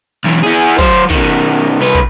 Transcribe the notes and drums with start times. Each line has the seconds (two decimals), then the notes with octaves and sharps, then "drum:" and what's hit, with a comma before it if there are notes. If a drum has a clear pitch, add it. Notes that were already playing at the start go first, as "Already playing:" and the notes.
0.24 B1 E3
0.43 E4 G#4
0.78 F#3 C5, drum: kick, hi-hat
0.93 drum: hi-hat
1.10 B2 D#3, drum: kick, hi-hat
1.22 drum: hi-hat
1.36 drum: hi-hat
1.65 drum: hi-hat
1.81 C2 B4
1.95 drum: kick, hi-hat